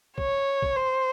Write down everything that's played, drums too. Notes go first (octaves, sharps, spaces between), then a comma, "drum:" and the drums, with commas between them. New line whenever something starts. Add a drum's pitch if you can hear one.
C#5, drum: kick
drum: kick
C5